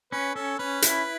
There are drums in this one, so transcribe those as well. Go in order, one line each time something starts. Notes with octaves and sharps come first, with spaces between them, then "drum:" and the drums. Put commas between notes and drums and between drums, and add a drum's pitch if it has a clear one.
C#4 B4
C#4 A4
C#4 B4
E4, drum: hi-hat